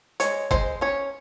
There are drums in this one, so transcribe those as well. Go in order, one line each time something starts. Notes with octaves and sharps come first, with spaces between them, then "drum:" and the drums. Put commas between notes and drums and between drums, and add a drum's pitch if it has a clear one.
G#3 C#5, drum: hi-hat
G#3 C5, drum: kick
C#4 C#5